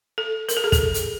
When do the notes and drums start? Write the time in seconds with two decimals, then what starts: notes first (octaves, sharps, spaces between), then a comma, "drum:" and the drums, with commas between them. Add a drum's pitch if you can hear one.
0.18 A4
0.49 A#4, drum: hi-hat
0.57 A4
0.64 G#4
0.72 A4, drum: kick, hi-hat
0.94 drum: hi-hat